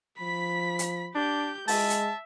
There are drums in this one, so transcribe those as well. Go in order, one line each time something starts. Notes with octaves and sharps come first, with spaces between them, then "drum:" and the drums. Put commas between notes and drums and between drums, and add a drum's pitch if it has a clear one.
F3 B5 B6
drum: hi-hat
D4 G4 G6
G#3 E5 A5, drum: open hi-hat
drum: hi-hat